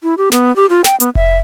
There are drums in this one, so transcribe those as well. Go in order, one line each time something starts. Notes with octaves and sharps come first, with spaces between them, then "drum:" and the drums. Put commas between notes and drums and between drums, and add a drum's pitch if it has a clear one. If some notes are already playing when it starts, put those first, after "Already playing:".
E4
G4
B3, drum: snare
G4
F4
G5, drum: snare
B3, drum: hi-hat
E5, drum: kick F1